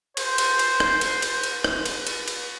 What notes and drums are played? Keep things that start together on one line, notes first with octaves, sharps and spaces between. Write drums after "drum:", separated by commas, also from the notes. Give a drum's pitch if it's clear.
C5, drum: cymbal
drum: cymbal
drum: cymbal
drum: rim click
drum: cymbal
drum: cymbal
drum: cymbal
drum: rim click
drum: cymbal
drum: cymbal
drum: cymbal